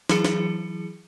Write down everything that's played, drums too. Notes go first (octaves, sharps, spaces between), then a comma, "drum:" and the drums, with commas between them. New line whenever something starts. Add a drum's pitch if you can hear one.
E3 F#3 E4 G#4 C#7, drum: snare
drum: snare